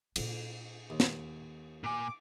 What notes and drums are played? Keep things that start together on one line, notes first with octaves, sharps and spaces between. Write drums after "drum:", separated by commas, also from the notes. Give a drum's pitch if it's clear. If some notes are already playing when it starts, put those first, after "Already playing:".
A#2 D4, drum: cymbal
D#2
drum: snare
A#2 G#5 D6